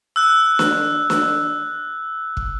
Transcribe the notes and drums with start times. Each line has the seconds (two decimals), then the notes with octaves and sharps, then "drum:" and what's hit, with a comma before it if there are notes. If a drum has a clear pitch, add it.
0.16 E6 F#6
0.59 drum: snare
1.10 drum: snare
2.37 drum: kick